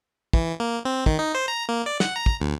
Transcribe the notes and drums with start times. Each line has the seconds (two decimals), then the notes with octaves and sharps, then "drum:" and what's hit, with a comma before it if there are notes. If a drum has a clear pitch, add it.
0.33 E3, drum: kick
0.60 A#3
0.85 C4
1.06 D#3, drum: kick
1.19 D#4
1.35 C5
1.48 A#5
1.69 A#3
1.86 D5
2.00 F#5, drum: snare
2.16 A#5
2.26 drum: kick
2.40 D2